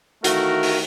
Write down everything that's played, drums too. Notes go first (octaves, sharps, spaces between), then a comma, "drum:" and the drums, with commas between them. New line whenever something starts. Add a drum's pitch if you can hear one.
D#3 E3 A3 F#4 A#4 F5, drum: hi-hat
drum: open hi-hat